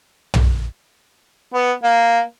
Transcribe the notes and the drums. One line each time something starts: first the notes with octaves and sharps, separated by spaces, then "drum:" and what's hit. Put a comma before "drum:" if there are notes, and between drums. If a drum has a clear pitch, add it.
drum: tom
B3
A#3